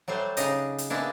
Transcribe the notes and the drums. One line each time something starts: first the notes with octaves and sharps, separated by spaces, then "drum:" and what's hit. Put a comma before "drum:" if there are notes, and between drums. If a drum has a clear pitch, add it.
F#3 G3 A3 C5
C#3 D4 D#4 D#5 A#5, drum: hi-hat
drum: hi-hat
G#3 A#3 B3 D4 E4